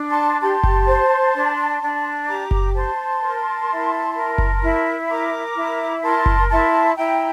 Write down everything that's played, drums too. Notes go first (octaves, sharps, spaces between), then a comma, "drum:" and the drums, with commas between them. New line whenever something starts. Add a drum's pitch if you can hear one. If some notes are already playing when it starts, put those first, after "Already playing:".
Already playing: D4
A5 C6
G4 A5 C6
drum: kick F#1
C5
D4
D4
G4 A#5 D6
drum: kick F#1
C5 A5 C6
A#4
E4
A#4
drum: kick F#1
E4
A#4 A#5 D6
E4
A#4 A5 C6
drum: kick F#1
E4 A5 C6
E4 G5 A#5